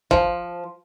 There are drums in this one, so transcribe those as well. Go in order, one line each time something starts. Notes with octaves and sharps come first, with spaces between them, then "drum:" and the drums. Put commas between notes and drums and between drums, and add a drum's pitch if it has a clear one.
F3, drum: kick